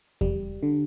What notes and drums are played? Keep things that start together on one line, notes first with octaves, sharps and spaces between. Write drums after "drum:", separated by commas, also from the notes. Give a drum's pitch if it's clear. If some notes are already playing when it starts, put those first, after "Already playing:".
G3, drum: kick E2
D3